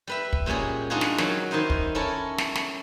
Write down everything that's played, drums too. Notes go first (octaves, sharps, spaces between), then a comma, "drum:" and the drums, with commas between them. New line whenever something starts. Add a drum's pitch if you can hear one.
G3 B4 E5
drum: kick
A#2 G3 G#3 C#4 G#4
G#3 D4 D#4 F4 F#4 G#4
drum: snare
D#3 F#3 C#5, drum: snare
D#3 D#4 E4 C5 D#5
drum: kick
C#4 E4 A4 A#4 C#5
drum: snare
drum: snare